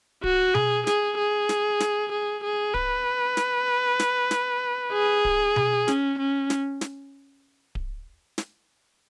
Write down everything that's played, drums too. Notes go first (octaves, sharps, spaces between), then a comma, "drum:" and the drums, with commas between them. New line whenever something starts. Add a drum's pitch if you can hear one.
F#4, drum: kick D1
G#4, drum: tom B2
G#4, drum: snare
G#4
drum: snare
drum: snare
G#4
G#4
B4, drum: kick D1
drum: snare
drum: snare
drum: snare
G#4
drum: kick D1
drum: tom B2
C#4, drum: snare
C#4
drum: snare
drum: snare
drum: kick D1
drum: snare